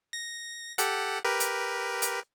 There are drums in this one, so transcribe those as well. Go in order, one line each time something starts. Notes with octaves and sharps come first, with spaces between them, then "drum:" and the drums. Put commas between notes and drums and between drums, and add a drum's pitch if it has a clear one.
A#6
G4 A4 F#5, drum: hi-hat
G4 A#4 B4
drum: hi-hat
drum: hi-hat